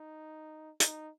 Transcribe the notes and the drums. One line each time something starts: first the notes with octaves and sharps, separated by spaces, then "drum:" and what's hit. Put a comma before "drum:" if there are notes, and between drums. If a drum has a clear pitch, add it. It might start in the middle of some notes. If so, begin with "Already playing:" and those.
Already playing: D#4
D#4, drum: hi-hat